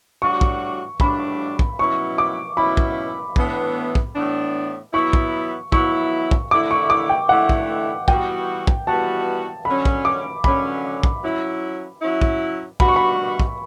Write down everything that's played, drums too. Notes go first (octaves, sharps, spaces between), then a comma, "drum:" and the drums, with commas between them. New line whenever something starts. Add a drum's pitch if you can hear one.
A2 G3 D4 F#4 C#6
drum: kick
A2 G3 D4 F#4 B5, drum: kick
drum: kick
B2 F#3 C#4 E4 C#6
D6
B2 F#3 C#4 E4 B5
drum: kick
A2 E3 B3 D4, drum: kick
drum: kick
A2 E3 B3 D4
F#3 B3 E4 C#6
drum: kick
F#3 B3 E4 C#6, drum: kick
drum: kick
D3 A3 E4 D6
C#6
D6
G5
D3 A3 E4 F#5
drum: kick
E3 G3 B3 F#4 G5, drum: kick
drum: kick
E3 G3 B3 F#4 A5
D3 F#3 C#4 B5
drum: kick
D6
D3 F#3 C#4 B5, drum: kick
drum: kick
F#3 C#4 E4
F#3 C#4 E4
drum: kick
B2 G3 D4 F#4 B5, drum: kick
C#6
B5
drum: kick